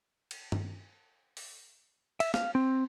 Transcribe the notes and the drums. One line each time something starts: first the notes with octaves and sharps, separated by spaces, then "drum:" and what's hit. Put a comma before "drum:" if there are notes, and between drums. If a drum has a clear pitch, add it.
drum: cymbal
drum: tom G2
drum: open hi-hat
E5, drum: cymbal
F5, drum: snare
C4